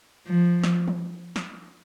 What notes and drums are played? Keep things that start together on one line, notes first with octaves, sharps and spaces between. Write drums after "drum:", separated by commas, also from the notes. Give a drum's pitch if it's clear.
F3
drum: snare
drum: tom E3
drum: snare